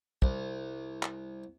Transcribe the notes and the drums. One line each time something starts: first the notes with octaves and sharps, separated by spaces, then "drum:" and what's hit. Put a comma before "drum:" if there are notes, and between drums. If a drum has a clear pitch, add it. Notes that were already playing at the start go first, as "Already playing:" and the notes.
C2, drum: kick
drum: clap